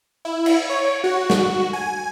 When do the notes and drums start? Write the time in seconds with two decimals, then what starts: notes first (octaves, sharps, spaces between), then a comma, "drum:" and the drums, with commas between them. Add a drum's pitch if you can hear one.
0.25 E4
0.46 drum: cymbal
0.70 C#5
1.04 F#4
1.30 drum: snare
1.73 G#5